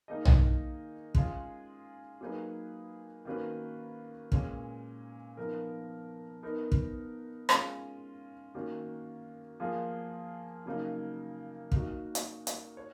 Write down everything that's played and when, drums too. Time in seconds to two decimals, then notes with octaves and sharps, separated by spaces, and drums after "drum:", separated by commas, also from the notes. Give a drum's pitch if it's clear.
0.08 D#3 A#3 D#4 G#4 D#5
0.25 drum: tom
1.15 G#3 C#4 F4 G#4, drum: kick
2.21 F#3 A#3 D#4 G#4 B4
3.25 D#3 A#3 C#4 F#4 B4
4.32 A#2 G#3 C#4, drum: kick
5.37 F3 B3 D#4 A#4
6.43 B3 D#4 A#4
6.72 drum: kick
7.49 G#3 C#4 F4, drum: rim click
8.55 D#3 A#3 C#4 F#4
9.60 F3 A#3 F4 G#4
10.66 C#3 F#3 A#3 D#4
11.72 A#3 D#4 F#4, drum: kick
12.15 drum: hi-hat
12.47 drum: hi-hat
12.77 C#5